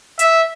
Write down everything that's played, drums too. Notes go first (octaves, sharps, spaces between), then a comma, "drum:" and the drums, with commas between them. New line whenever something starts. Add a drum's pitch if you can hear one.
E5, drum: hi-hat